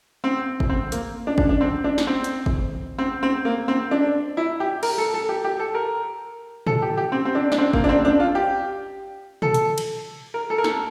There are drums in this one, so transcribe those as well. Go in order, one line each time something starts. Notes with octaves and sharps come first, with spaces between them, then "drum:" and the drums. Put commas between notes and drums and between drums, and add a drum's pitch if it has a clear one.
C4
drum: kick G1
C4
A#3, drum: hi-hat
D4
D4, drum: kick G1
D4
C4
D4
drum: snare
C4
drum: hi-hat
drum: kick G1
C4
C4
A#3
C4
D4
E4
G4
A#4, drum: cymbal
A4
A4
G4
G4
A4
A#4
A4, drum: tom A2
G4
G4
C4
C4
D4
D4, drum: snare
C4
A#3, drum: kick G1
D4
C4
D4
F4
G4
A4, drum: tom
drum: hi-hat
drum: cymbal
A#4
A4
A#4
A4, drum: snare